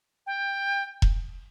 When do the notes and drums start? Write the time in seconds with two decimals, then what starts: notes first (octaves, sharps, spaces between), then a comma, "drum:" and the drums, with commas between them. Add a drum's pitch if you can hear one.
0.27 G5
1.02 drum: kick E1